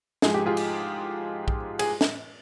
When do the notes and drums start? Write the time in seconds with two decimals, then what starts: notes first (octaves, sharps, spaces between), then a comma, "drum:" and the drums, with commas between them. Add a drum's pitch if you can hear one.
0.22 G#2 F3 G#3 G#4, drum: snare
0.34 G4
0.46 F4 G#4
0.57 drum: cymbal
1.48 drum: kick
1.79 G#4, drum: cymbal
2.01 drum: snare